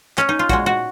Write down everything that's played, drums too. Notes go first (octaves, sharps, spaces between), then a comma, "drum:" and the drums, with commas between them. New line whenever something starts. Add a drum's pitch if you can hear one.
C#4, drum: clap
D#4
F4
A#2 G#3 F#4, drum: kick, hi-hat
F#4